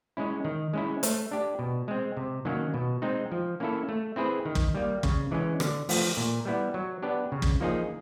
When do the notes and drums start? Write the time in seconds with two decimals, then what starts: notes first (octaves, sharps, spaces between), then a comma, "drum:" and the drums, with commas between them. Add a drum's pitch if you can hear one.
0.17 G#3 C#4 E4
0.44 D#3
0.73 G#3 C#4 E4
1.03 A3, drum: hi-hat
1.31 D4 G4
1.59 B2
1.88 G#3 C4
2.17 C3
2.45 D#3 F#3 A#3 C#4
2.74 B2
3.02 G#3 C4 D#4
3.32 F3
3.60 A#3 C#4 E4 A4
3.89 A3
4.16 C4 E4 G#4 B4
4.45 D#3
4.55 drum: kick
4.75 G3 A#3
5.03 C#3, drum: kick
5.31 E3 G#3 C#4
5.60 D3, drum: rim click
5.89 F3 A3, drum: open hi-hat
6.17 A#2
6.45 G3 B3 E4
6.74 F#3
7.02 B3 D4 G4
7.32 C#3
7.42 drum: kick
7.61 F3 A#3 D#4 G#4